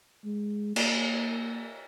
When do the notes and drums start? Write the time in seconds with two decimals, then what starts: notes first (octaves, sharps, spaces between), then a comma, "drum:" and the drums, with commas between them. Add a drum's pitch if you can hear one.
0.24 G#3
0.76 A#3, drum: cymbal